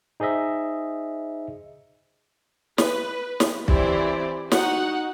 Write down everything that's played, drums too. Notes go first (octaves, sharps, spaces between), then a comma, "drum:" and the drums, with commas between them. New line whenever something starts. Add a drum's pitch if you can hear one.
D#4 G#4 C5 D#5 E5
B4, drum: snare
drum: snare
E3 C4 E4 G4 C5 D5, drum: kick B1
D#4 F#4 F#5, drum: snare